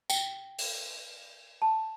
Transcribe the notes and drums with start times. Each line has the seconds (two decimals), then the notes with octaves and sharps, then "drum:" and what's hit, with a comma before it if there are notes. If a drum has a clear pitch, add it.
0.10 G5, drum: tambourine
0.58 drum: open hi-hat
1.62 A5